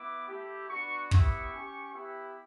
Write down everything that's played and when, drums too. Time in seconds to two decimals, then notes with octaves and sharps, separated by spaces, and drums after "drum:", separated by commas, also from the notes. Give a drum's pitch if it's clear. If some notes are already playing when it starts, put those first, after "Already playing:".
Already playing: B3 E4 D6
0.28 A3 E4 G4
0.69 B3 D4 F#4 C#6
1.11 B3 E4 G4 C#6, drum: kick
1.53 C#4 G4
1.94 B3 E4 G4